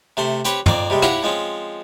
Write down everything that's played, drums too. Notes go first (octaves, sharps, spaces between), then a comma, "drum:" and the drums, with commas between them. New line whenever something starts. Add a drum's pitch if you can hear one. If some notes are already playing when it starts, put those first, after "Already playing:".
C3 A3 C5 C6
C4 G4 B4 C#5, drum: hi-hat
F2 A#3 C4 D5, drum: tom
C3 G3 G#3
E4 F#4 G4 C#5 F5 F#5, drum: rim click
F3 G#3 C4 C#4